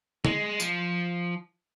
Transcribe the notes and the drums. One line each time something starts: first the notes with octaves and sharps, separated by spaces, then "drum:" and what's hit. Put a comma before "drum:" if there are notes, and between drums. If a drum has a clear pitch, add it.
G#3, drum: tom
F3, drum: tambourine